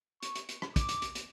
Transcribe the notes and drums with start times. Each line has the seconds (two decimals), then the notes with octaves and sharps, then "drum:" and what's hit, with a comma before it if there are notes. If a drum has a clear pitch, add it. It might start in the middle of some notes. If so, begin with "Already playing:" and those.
0.23 C#6, drum: hi-hat
0.35 drum: hi-hat
0.49 drum: hi-hat
0.62 drum: rim click
0.76 D6, drum: kick, hi-hat
0.89 drum: hi-hat
1.02 drum: hi-hat
1.15 drum: hi-hat